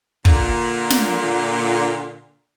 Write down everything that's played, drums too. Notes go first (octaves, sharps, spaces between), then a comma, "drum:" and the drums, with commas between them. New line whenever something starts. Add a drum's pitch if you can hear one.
A#2 D3, drum: kick
drum: snare